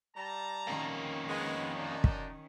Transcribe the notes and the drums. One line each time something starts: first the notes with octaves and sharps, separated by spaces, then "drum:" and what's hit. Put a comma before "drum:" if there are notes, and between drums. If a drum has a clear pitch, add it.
G3 A5 A#5
F2 D#3 A#3 C#4
G#3 B3
F#2 D4 D#4
drum: kick